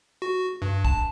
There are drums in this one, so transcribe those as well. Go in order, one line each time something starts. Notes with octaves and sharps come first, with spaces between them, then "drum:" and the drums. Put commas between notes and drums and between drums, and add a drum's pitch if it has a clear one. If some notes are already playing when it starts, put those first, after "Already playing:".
F#4
G2
A5, drum: kick